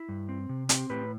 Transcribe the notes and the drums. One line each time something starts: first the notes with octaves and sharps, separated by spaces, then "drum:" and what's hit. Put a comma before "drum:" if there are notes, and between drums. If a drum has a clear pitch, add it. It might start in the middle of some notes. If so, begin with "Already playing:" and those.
Already playing: E4
G2
C4
C3
C4 G4, drum: hi-hat
A2 G4 B4